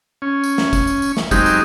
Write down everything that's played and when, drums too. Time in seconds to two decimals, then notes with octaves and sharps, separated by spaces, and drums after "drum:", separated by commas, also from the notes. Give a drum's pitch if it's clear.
0.22 C#4
0.44 drum: tambourine
0.58 drum: snare
0.73 drum: kick, tambourine
0.87 drum: tambourine
1.02 drum: tambourine
1.17 drum: snare
1.31 F#3 G#3 C4 D#4 G4, drum: kick, tambourine
1.46 drum: tambourine